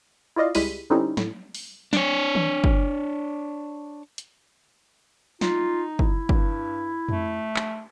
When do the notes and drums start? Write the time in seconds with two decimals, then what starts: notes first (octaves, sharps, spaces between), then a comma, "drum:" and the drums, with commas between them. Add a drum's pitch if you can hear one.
0.36 E4 F4 D5 D#5 F5
0.55 C#2 G3 G#3 E4 B6 D#7, drum: open hi-hat
0.90 D3 G3 C4 C#4 D#4 E4
1.17 A2, drum: snare
1.55 drum: open hi-hat
1.93 D4 C#5, drum: snare
2.35 drum: tom D#3
2.64 drum: kick
4.18 drum: hi-hat
5.41 D#4 F4, drum: snare
5.99 E4, drum: kick
6.29 G2, drum: kick
7.09 A3, drum: tom F2
7.56 drum: clap